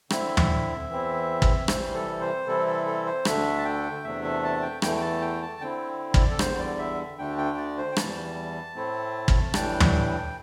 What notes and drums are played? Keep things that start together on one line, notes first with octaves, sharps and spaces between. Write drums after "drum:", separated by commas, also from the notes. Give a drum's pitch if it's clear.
D3 C4 E4 E5, drum: rim click
drum: tom
E2 E3 C4 E4
drum: kick
C3 E3 G3 C5, drum: rim click
A4
C5
C3 E3 G3 C4 E4 A4
A4
A4
C5
D2 D3 A3 D4 E5, drum: rim click
A5
G5
E2 C3 A3 D4 E5
E5
A5
G5
E2 E3 A3 G5, drum: rim click
G5
A5
G5
A5
D3 C4 E4 G5
D5, drum: kick
A4
E2 D3 G3 C5, drum: rim click
D5
E5
D2 D3 A3 D4 G5
G5
D5
C5
G5
E2 E3 G3 A5, drum: rim click
A2 A3 C4 E4
drum: kick
A2 E3 G3 D4 G5, drum: rim click
drum: tom